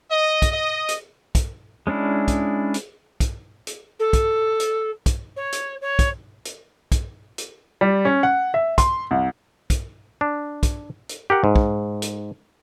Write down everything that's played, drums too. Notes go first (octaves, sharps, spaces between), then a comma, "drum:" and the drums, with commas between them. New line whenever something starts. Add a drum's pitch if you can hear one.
D#5
drum: kick, hi-hat
D#5
drum: hi-hat
drum: kick, hi-hat
G#3 C#4 D4 E4
drum: kick, hi-hat
drum: hi-hat
drum: kick, hi-hat
drum: hi-hat
A4
drum: kick, hi-hat
drum: hi-hat
drum: kick, hi-hat
C#5
drum: hi-hat
C#5
drum: kick, hi-hat
drum: hi-hat
drum: kick, hi-hat
drum: hi-hat
G3
C#4
F#5
E5
C6, drum: kick, hi-hat
C2
drum: kick, hi-hat
D4
drum: kick, hi-hat
drum: hi-hat
G4 A#4 F#5
G#2
drum: kick
drum: hi-hat